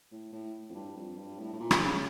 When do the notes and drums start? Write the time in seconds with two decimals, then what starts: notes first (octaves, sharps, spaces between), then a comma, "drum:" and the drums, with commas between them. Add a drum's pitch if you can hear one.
0.11 A2
0.32 A2
0.69 F2
0.75 G2
0.96 F2
1.18 G2
1.39 A2
1.53 A2
1.60 A#2
1.71 drum: rim click
1.82 C#3